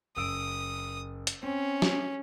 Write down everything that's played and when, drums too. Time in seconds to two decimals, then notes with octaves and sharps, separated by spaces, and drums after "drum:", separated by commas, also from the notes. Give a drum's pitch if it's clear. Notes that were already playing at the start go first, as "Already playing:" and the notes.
0.17 F#1 D#6 E6 D7
1.27 drum: hi-hat
1.43 C4 C#4
1.82 drum: snare